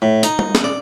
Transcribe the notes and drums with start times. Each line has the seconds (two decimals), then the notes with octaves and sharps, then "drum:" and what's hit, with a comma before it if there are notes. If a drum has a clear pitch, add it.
0.02 A2
0.23 D#4, drum: hi-hat
0.39 drum: tom G3
0.55 drum: snare
0.64 D5